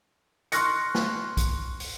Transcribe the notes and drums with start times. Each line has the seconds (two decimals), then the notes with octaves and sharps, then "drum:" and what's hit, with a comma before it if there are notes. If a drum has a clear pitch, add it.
0.52 C6 C#6 F6 F#6 A#6 C#7, drum: hi-hat
0.95 drum: snare
1.37 drum: kick, hi-hat
1.80 drum: open hi-hat